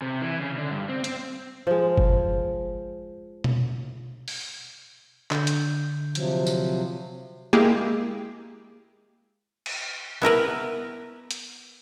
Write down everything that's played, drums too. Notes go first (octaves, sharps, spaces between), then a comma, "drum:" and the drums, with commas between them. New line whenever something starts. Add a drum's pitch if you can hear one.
C3
E3
C#3
D3
G2
C4
C4, drum: hi-hat
F3 G#3
drum: kick F#1
drum: tom
drum: open hi-hat
D3 G6, drum: clap
drum: hi-hat
C3 F3 F#3, drum: hi-hat
drum: tambourine
G#3 A#3 E4 G4 G#4
drum: cymbal
B3 E4 A#4 B4
drum: hi-hat